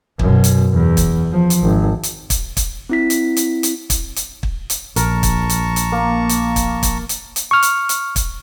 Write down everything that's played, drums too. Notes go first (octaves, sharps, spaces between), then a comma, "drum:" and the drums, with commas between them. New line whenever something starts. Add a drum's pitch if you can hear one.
F#2 B2, drum: kick
drum: hi-hat
E2
drum: kick, hi-hat
F3
drum: hi-hat
G#1
drum: hi-hat
drum: kick, hi-hat
drum: kick, hi-hat
C4 E4 B6
drum: hi-hat
drum: hi-hat
drum: hi-hat
drum: kick, hi-hat
drum: hi-hat
drum: kick
drum: hi-hat
A#1 A#4 A5 A#5 C#6, drum: hi-hat
drum: kick, hi-hat
drum: hi-hat
drum: hi-hat
A#3
drum: hi-hat
drum: kick, hi-hat
drum: kick, hi-hat
drum: hi-hat
drum: hi-hat
C#6 F6
drum: hi-hat
drum: hi-hat
drum: kick, hi-hat